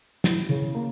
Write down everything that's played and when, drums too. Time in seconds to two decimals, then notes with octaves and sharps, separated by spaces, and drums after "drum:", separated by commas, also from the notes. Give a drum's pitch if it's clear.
0.24 E3, drum: snare
0.49 C#3
0.75 A#3